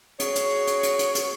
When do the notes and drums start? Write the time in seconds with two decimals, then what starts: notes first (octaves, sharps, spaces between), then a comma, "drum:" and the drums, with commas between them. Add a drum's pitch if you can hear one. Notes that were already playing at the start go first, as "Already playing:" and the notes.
0.20 F#4 G#4 C#5, drum: hi-hat
0.36 drum: hi-hat
0.67 drum: hi-hat
0.83 drum: hi-hat
0.99 drum: hi-hat
1.15 drum: hi-hat